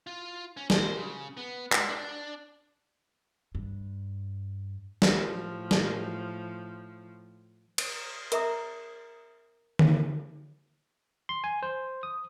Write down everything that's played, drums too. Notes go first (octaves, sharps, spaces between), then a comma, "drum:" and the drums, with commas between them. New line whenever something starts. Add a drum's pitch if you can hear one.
F4
C#4
C5, drum: snare
C#3
B3
G#3, drum: clap
D4
G2
drum: snare
A2 F3
drum: snare
drum: cymbal
A#4 E5 A#5 D#6, drum: hi-hat
drum: tom D3
C6
G#5
C5
D#6